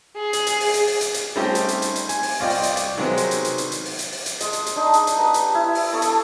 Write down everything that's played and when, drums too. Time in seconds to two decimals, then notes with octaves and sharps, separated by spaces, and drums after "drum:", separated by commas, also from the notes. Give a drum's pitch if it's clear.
0.16 G#4
0.33 drum: hi-hat
0.47 drum: hi-hat
0.60 drum: open hi-hat
0.74 drum: hi-hat
0.87 drum: open hi-hat
1.01 drum: hi-hat
1.14 drum: hi-hat
1.36 G3 A3 C4 C#4 D#4 G4
1.55 drum: hi-hat
1.68 drum: hi-hat
1.82 drum: hi-hat
1.96 drum: hi-hat
2.09 G#5, drum: hi-hat
2.23 drum: open hi-hat
2.40 C2 F4 D5 D#5 G5
2.50 drum: open hi-hat
2.63 drum: hi-hat
2.77 drum: hi-hat
2.97 C3 D#3 F#3 G#3 B3 C4
3.17 drum: hi-hat
3.31 drum: hi-hat
3.45 drum: hi-hat
3.58 drum: hi-hat
3.72 drum: hi-hat
3.85 drum: open hi-hat
3.99 drum: hi-hat
4.12 drum: open hi-hat
4.26 drum: hi-hat
4.40 G#3, drum: hi-hat
4.53 drum: hi-hat
4.66 drum: hi-hat
4.76 D4 D#4
4.94 drum: hi-hat
5.07 drum: hi-hat
5.17 G4 B4 A#5 B5
5.34 drum: hi-hat
5.55 E4
5.75 drum: open hi-hat
5.93 A4 B5 C#6 D#6
6.02 drum: hi-hat